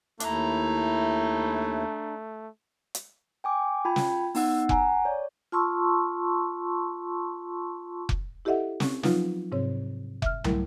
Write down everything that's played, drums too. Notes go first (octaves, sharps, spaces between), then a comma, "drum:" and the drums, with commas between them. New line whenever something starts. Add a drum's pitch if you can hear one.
D#2 A3 D4 E4 A#5, drum: hi-hat
drum: hi-hat
G5 G#5 D6
F4 G5 A5 B5 G#6
drum: snare
B3 D#4 F#5 E6, drum: open hi-hat
F#5 G#5 A#5, drum: kick F1
C#5 D5
F4 A5 C6 C#6 E6
drum: kick F1
E4 G4 A4 D#5 E5 F#5
C4 C#4, drum: snare
F3 F#3 D#4 F4 B4, drum: snare
G#2 C3 C4 C#5
E5 F6, drum: kick F1
F#3 G3 A3 E4 A#4, drum: tom